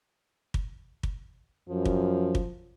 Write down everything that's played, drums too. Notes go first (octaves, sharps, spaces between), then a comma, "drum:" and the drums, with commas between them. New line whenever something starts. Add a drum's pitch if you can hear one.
drum: kick
drum: kick
F#2 F3
drum: kick
drum: kick